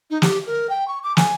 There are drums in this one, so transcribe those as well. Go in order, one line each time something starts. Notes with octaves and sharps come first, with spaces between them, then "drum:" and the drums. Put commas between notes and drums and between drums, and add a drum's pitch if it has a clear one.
D#4
G4, drum: snare
A#4
G5
C#6
D6
G#5, drum: snare